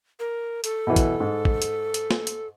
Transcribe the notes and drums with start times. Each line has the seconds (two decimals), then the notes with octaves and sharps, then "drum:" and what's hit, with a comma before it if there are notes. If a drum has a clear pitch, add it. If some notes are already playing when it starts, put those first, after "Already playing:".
0.19 A#4
0.64 A4, drum: hi-hat
0.87 B2 E3
0.96 drum: kick, hi-hat
1.20 G#2
1.45 drum: kick
1.62 drum: hi-hat
1.94 drum: hi-hat
2.11 drum: snare
2.27 drum: hi-hat